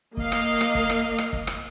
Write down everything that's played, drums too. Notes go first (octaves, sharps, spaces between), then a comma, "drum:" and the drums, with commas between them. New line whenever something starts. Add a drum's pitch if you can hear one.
A#3 D#5 F5, drum: kick
drum: rim click
drum: rim click
drum: kick
drum: rim click
drum: rim click
drum: kick
drum: rim click